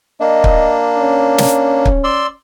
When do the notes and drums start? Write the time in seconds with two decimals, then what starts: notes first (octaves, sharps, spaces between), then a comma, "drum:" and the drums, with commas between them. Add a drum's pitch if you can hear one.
0.20 A#3 D4 D#5
0.44 drum: kick
0.98 C#4
1.38 drum: snare
1.85 drum: kick
2.04 D5 C6 E6